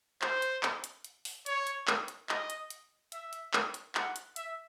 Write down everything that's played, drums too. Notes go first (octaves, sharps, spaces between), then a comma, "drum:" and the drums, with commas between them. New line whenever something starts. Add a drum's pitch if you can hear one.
C5, drum: clap
drum: hi-hat
drum: clap
drum: hi-hat
drum: hi-hat
drum: open hi-hat
C#5, drum: hi-hat
drum: hi-hat
drum: clap
drum: hi-hat
D#5, drum: clap
drum: hi-hat
drum: hi-hat
E5, drum: hi-hat
drum: hi-hat
drum: clap
drum: hi-hat
F#5, drum: clap
drum: hi-hat
E5, drum: hi-hat